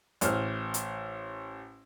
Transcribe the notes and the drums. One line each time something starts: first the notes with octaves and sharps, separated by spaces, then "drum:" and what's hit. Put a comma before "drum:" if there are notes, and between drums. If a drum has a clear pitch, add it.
A1 C5 F6, drum: hi-hat
drum: hi-hat